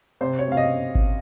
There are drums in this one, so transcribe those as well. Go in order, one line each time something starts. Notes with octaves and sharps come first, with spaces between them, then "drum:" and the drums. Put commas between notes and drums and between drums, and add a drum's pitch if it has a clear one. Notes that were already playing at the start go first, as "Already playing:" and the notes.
C3 C5
C#5
C3 F5
D#5
drum: kick G#1